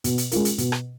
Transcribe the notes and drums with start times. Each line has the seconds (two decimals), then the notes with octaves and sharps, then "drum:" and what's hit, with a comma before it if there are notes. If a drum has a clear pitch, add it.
0.04 B2, drum: hi-hat
0.18 drum: hi-hat
0.32 G#3 C#4 F4 A#4, drum: hi-hat
0.45 drum: hi-hat
0.58 B2, drum: hi-hat
0.72 drum: rim click